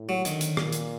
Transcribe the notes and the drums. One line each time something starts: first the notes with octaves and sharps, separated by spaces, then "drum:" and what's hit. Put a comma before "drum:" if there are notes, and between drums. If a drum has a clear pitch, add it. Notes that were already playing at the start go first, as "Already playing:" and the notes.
Already playing: A2
F#3
D3 D#3, drum: hi-hat
drum: hi-hat
A#2, drum: rim click
drum: hi-hat